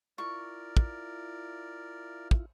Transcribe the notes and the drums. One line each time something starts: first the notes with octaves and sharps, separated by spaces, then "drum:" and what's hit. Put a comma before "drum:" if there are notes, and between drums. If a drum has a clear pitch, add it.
E4 F4 A#4 D5 C#6
drum: kick
drum: kick